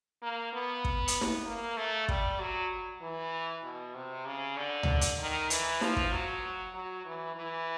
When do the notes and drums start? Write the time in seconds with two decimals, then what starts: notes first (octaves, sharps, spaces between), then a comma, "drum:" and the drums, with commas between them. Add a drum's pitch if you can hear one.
0.22 A#3
0.53 B3
0.84 drum: kick
1.08 drum: hi-hat
1.21 drum: snare
1.46 A#3
1.77 A3
2.08 G3, drum: kick
2.40 F#3
3.02 E3
3.64 B2
3.95 C3
4.26 C#3
4.57 D3
4.83 drum: tom C#2
5.01 drum: hi-hat
5.19 D#3
5.50 E3, drum: hi-hat
5.81 F3, drum: snare
5.96 drum: kick
6.12 F#3
6.74 F#3
7.06 E3
7.36 E3